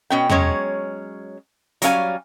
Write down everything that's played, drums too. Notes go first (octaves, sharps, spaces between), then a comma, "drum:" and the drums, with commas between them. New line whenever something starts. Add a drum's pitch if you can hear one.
B2 C#4 G5
F#3 G#3 C#4 C#5, drum: tom E2
F#3 G3 C#4 F5 G#5, drum: hi-hat